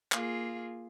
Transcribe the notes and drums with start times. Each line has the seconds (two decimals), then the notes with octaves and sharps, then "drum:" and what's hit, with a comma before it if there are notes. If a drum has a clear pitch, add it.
0.12 A#3 F4 G#4, drum: clap